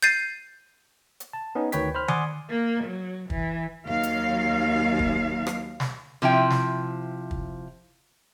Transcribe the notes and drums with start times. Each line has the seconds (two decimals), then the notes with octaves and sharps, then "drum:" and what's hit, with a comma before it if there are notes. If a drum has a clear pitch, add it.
0.03 G6 A6 C7 D#7
1.20 drum: hi-hat
1.33 A5
1.55 B3 C#4 D#4
1.72 D2 D#3 B4 C#5 G5 B6, drum: hi-hat
1.94 C5 B5 F6
2.08 D5 F#5 G#5 C6 D6 D#6, drum: tom D#3
2.49 A#3
2.83 F#3
3.30 E3, drum: kick
3.86 D#2 F#3 F5
4.03 drum: hi-hat
4.99 drum: kick
5.47 drum: rim click
5.80 drum: snare
6.22 C3 F3 E4 G5
6.50 drum: snare
7.31 drum: kick